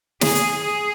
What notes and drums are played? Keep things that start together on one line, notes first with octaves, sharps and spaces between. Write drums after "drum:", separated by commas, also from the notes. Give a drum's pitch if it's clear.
G#4, drum: snare
drum: hi-hat
G#4